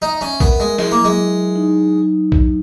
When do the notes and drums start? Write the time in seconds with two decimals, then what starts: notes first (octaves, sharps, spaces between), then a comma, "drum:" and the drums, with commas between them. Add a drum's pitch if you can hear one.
0.02 D#4 E5
0.21 C#4 E5
0.40 B3 A#4, drum: kick
0.59 G#3 E5
0.78 G#3 E4, drum: snare
0.91 A#3
0.98 F#3
1.05 G#3
1.17 F#3
1.36 F#3
1.56 D#4
2.32 drum: kick